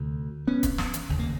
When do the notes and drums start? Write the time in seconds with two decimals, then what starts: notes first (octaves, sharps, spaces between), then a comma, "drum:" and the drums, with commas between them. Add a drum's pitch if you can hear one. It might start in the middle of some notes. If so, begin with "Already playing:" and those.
Already playing: D2 C3
0.47 B3 C#4
0.63 drum: kick D1, hi-hat
0.78 drum: snare
0.94 drum: hi-hat
1.09 F1 D#2 C#3
1.19 A#3